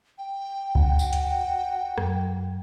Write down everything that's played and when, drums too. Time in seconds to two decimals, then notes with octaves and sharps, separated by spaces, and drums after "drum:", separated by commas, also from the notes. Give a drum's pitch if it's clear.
0.18 G5
0.75 F#4, drum: kick C#2
0.99 drum: tambourine
1.13 drum: hi-hat
1.98 F#2, drum: rim click